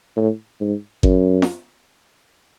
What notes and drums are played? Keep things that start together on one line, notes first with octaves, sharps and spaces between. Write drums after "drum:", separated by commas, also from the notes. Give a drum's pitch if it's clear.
A2
G#2
F#2, drum: kick G#1
drum: snare F4